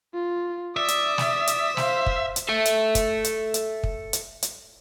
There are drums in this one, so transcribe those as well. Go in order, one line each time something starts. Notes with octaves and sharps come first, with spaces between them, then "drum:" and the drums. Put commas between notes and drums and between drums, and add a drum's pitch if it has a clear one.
F4
D5 E5 D#6
drum: hi-hat
drum: snare
drum: hi-hat
C5 F5, drum: snare
drum: kick
drum: hi-hat
A4 E5
drum: hi-hat
drum: kick, hi-hat
drum: hi-hat
drum: hi-hat
drum: kick
drum: hi-hat
drum: hi-hat